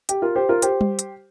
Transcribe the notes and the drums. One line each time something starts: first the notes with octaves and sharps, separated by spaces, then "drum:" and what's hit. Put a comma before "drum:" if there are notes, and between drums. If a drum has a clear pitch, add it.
G4, drum: hi-hat
F4 A#4
G4 C5
F4 A#4
G4 C5, drum: hi-hat
drum: tom G3
drum: hi-hat